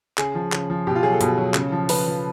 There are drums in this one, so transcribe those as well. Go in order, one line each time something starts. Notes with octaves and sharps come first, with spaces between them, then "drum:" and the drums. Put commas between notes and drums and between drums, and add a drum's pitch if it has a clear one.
C#3 G#4, drum: clap
F3
C#3, drum: clap
F3
B2 G4
F4
F#3 G#4
A4
B2, drum: hi-hat
F#3
C#3, drum: clap
F3
C#3 B4, drum: open hi-hat
F3